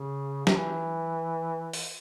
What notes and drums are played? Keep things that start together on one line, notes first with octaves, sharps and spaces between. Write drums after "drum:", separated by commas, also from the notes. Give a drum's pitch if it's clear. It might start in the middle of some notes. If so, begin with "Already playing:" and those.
Already playing: C#3
F#3, drum: snare
E3
drum: open hi-hat